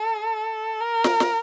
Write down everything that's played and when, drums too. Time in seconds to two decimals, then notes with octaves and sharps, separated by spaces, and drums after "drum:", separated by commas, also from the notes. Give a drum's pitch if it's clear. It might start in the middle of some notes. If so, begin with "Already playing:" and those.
Already playing: A4
0.81 A#4
1.04 drum: snare
1.20 drum: snare